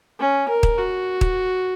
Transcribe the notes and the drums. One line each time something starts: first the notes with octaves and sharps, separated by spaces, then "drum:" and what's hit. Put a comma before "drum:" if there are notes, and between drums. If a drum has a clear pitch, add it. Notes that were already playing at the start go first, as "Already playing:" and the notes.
C#4
A#4
drum: kick
F#4
drum: kick